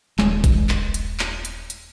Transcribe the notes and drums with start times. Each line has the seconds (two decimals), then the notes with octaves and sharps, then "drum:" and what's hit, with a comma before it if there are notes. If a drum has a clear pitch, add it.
0.19 D#1 G#3, drum: clap
0.44 drum: kick G#1, hi-hat
0.69 drum: clap
0.94 drum: hi-hat
1.19 drum: clap
1.45 drum: hi-hat
1.70 drum: hi-hat